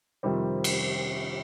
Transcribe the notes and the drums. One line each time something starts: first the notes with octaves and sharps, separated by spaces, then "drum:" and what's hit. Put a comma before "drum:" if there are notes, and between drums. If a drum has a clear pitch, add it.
F2 C3 D#3 G3 C4
drum: cymbal